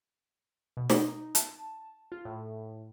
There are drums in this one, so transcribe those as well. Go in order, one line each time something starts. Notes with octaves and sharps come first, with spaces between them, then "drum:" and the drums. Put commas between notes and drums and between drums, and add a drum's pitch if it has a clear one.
B2
D#4, drum: snare
A5, drum: hi-hat
F4
A2